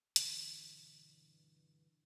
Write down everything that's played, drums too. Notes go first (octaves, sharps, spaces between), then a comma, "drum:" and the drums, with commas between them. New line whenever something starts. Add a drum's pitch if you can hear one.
G2 B2 D3 E3, drum: hi-hat